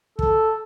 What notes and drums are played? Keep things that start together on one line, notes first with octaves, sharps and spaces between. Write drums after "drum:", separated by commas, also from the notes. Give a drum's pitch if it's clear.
A4, drum: kick